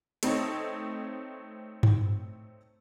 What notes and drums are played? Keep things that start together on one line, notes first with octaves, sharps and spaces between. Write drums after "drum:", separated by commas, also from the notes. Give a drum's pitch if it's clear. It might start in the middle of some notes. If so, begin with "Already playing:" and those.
A3 C4 D#4 C#5, drum: hi-hat
drum: tom G2